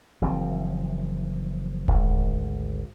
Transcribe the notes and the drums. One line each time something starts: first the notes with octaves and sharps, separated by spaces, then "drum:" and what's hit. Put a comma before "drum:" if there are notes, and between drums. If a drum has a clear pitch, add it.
F#1 E3 F3 C4
G#1 D2, drum: kick D#1